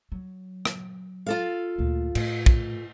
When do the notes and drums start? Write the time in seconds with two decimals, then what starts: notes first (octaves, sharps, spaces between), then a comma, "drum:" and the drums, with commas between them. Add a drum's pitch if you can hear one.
0.12 F#3
0.65 drum: rim click
1.26 F4 A4 F5
1.78 D2 A#2
2.15 A2, drum: cymbal
2.46 drum: kick